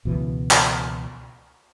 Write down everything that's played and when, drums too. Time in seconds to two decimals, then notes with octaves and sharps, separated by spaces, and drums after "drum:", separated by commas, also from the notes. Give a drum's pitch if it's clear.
0.05 C#2 B2 E3
0.51 drum: clap